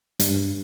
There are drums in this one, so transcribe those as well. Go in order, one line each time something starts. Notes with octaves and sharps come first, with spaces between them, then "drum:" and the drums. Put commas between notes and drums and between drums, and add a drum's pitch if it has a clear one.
G2, drum: hi-hat